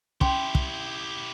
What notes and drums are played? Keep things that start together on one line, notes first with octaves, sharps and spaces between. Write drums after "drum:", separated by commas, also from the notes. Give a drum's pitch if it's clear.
C#4 E4 G4 G5 C6, drum: kick
drum: kick